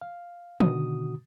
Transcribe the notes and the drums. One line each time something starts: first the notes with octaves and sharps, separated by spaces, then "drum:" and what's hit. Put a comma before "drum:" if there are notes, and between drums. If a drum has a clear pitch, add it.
F5
B2 D3 D#3 F#4 D#6, drum: tom